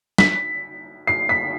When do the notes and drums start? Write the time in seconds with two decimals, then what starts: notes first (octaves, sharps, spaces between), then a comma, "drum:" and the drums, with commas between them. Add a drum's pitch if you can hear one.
0.18 B6, drum: snare
1.07 C7
1.29 B6